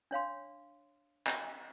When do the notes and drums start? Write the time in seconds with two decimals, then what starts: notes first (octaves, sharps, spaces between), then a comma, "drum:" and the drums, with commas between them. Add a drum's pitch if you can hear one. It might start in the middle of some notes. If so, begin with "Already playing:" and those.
0.11 D4 C#5 F5 C6
1.27 drum: clap